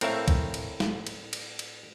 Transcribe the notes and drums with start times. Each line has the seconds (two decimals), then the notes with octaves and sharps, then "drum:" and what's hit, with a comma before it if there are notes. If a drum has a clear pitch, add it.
0.01 A2 C4 A#4 C#5 E5 F5, drum: cymbal
0.28 drum: kick, cymbal
0.54 drum: cymbal
0.80 drum: snare
1.07 drum: cymbal
1.33 drum: cymbal
1.59 drum: cymbal